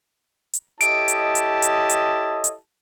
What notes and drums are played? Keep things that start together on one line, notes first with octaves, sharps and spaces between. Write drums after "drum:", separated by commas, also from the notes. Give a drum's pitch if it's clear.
drum: hi-hat
E4 G4 A4 C#5 D#5 A5 D7, drum: hi-hat
drum: hi-hat
drum: hi-hat
drum: hi-hat
drum: hi-hat
drum: hi-hat